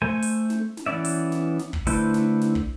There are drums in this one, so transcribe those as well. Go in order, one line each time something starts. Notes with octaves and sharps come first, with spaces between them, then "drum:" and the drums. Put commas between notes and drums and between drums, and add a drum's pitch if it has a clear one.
A3 C5 G#5
drum: open hi-hat
drum: snare
drum: snare
E3 B3 C#4 D5 E5
drum: open hi-hat
drum: snare
drum: snare
drum: kick
D3 A3 E4 B4 C5, drum: open hi-hat
drum: snare
drum: snare
drum: kick